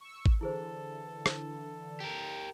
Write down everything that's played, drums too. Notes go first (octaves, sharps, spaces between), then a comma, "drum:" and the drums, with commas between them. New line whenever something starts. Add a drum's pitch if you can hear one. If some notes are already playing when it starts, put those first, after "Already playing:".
C#6 E6
drum: kick G#1
D3 E3 E4 G#4 A4 C5
drum: rim click
G4 A#4